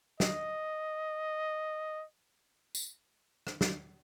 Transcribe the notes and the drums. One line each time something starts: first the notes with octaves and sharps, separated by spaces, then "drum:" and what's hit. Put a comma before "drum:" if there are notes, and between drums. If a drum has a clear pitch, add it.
D#5, drum: snare
drum: tambourine
drum: rim click
drum: snare